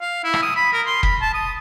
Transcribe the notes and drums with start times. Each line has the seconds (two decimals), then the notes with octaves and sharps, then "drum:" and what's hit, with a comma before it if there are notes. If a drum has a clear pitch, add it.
0.01 F5
0.24 E4
0.34 drum: rim click
0.43 D#6
0.56 B5
0.73 A#4
0.86 C6
1.03 B5, drum: kick
1.22 A5
1.34 D#6